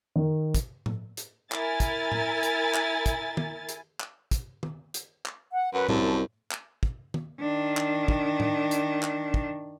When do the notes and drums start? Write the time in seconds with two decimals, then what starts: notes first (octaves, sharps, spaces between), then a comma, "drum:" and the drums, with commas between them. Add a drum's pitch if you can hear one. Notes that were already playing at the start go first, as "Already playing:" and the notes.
0.16 D#3
0.55 drum: kick, hi-hat
0.86 drum: tom A2
1.17 drum: hi-hat
1.52 E4 A#4 G#5 A6, drum: clap
1.80 drum: kick, hi-hat
2.12 drum: tom A2
2.43 drum: hi-hat
2.74 drum: clap
3.06 drum: kick, hi-hat
3.37 drum: tom
3.69 drum: hi-hat
4.00 drum: clap
4.31 drum: kick, hi-hat
4.63 drum: tom
4.94 drum: hi-hat
5.26 drum: clap
5.53 F#5
5.73 F#2 B4 F#5
5.89 C2 F#2 A5, drum: tom A2
6.51 drum: clap
6.83 drum: kick
7.14 drum: tom
7.40 D#3 D4
7.77 drum: clap
8.08 drum: kick
8.40 drum: tom A2
8.71 drum: hi-hat
9.03 drum: clap
9.34 drum: kick